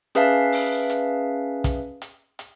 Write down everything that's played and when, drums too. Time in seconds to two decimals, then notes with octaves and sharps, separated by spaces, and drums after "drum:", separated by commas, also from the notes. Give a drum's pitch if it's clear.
0.15 C#4 G#4 B4 E5 F5 A5, drum: hi-hat
0.52 drum: open hi-hat
0.90 drum: hi-hat
1.64 drum: kick, hi-hat
2.02 drum: hi-hat
2.39 drum: hi-hat